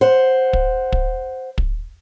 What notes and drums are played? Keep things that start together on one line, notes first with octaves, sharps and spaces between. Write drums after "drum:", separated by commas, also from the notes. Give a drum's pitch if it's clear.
C5 F#5
drum: kick
drum: kick
drum: kick